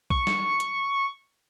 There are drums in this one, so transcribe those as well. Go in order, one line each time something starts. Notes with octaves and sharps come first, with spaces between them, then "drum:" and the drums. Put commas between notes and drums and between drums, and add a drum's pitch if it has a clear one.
C#6, drum: kick B1
drum: snare
drum: hi-hat